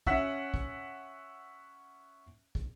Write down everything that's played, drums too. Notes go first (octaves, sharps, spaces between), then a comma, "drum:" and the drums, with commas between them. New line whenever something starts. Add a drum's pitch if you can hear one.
C#4 E5 F#5, drum: kick
drum: kick
drum: kick